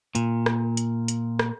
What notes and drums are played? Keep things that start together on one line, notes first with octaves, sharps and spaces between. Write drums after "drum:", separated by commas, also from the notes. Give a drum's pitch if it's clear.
A#2, drum: hi-hat
drum: rim click
drum: hi-hat
drum: hi-hat
drum: rim click